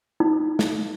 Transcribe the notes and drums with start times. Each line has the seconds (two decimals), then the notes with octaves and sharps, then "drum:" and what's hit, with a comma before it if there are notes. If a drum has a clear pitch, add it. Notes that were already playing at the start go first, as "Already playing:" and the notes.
0.20 D#4
0.59 drum: snare